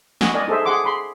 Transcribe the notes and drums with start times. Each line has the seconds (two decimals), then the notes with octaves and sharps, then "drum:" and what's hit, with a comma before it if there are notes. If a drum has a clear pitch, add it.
0.21 F#4 D#5 F#5 G#5, drum: snare
0.34 A#4 D5 D#5 G#5
0.48 D#4 G#4 A4 C5 E5
0.66 G#4 F#5 C6 D6
0.84 G#4 B5 C6